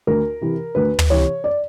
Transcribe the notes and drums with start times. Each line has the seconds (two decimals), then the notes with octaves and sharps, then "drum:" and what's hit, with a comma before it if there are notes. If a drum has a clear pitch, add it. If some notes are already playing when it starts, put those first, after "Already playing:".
0.07 D2 A#4
0.41 C3 E3
0.75 D2 B4
0.99 drum: tom
1.10 C3 E3 C#5
1.44 D5